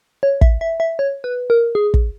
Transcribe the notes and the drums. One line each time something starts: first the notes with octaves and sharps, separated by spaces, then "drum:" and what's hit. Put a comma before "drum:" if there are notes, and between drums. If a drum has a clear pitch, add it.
C#5
E5, drum: kick
E5
E5
C#5
B4
A#4
G#4
drum: kick